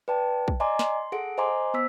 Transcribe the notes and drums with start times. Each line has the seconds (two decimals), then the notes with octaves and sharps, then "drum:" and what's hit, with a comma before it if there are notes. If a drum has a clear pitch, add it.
0.08 B4 D5 G5 A5
0.48 drum: kick A#1
0.60 D5 D#5 G#5 A#5 C6 D6
0.79 C6, drum: snare
1.12 G#4 A4 F#5 D7
1.38 C5 D#5 G#5 A#5 C6 D6
1.74 B3 C5 E6 B6